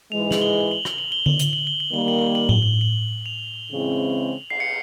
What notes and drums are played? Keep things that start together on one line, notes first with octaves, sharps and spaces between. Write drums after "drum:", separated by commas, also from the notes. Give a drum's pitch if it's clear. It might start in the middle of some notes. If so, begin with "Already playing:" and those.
G#2 E3 G#3 F7
F#7, drum: snare
G7
F#7
G7, drum: rim click
F#7
G7
F#7, drum: tom D3
G7, drum: hi-hat
F#7
G7
F#7
D#3 G3 A#3 G7
F#7
G7
F#7
G7, drum: tom A2
F#7
F#7
F7
C#3 E3 G#3 C4 E4
C7, drum: cymbal
C#7